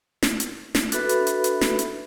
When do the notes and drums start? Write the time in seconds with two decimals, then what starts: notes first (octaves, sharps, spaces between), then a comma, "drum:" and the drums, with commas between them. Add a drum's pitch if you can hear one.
0.22 drum: snare
0.40 drum: hi-hat
0.75 drum: snare
0.92 D4 F#4 A4 B4 E5 B5, drum: hi-hat
1.09 drum: hi-hat
1.27 drum: hi-hat
1.44 drum: hi-hat
1.61 drum: snare
1.79 drum: hi-hat